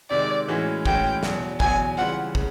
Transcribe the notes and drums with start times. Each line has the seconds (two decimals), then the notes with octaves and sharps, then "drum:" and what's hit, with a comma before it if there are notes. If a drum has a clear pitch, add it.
0.10 C3 D#3 G#3 D5
0.48 A2 E3 G#3 C#4 F#4
0.86 A2 E3 G#3 C#4 F#4 G5, drum: kick
1.23 E2 B2 F#3, drum: snare
1.60 E2 B2 F#3 G#5, drum: kick
1.97 C#3 E3 G3 C4 F4 F#5
2.35 C#3, drum: kick